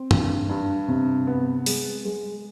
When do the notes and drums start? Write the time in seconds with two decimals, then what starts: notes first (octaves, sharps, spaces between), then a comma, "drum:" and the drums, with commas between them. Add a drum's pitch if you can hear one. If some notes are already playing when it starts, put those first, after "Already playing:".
Already playing: C4
0.11 G2, drum: tom
0.49 G2
0.88 C3
1.27 B3
1.66 G#3, drum: open hi-hat
2.05 G#3